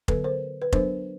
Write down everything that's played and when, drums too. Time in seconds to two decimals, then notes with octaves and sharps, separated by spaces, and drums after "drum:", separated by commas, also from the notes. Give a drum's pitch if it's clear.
0.08 D3 F#3 B3 A4 B4, drum: kick F1
0.24 A#4 C5
0.62 B4
0.72 F#3 B3 D4 A#4 C5, drum: kick F1